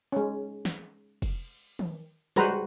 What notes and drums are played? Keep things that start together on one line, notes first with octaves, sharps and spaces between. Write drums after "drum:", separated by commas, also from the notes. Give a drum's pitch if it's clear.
G#3 C#4
drum: snare
drum: kick, cymbal
drum: tom
G3 G#3 F#4 B4 C5 A#5, drum: snare